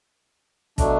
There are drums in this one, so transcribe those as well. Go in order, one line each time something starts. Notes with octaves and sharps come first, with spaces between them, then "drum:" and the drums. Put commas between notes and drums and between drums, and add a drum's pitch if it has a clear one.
B2 F#3 A3 D4, drum: kick, hi-hat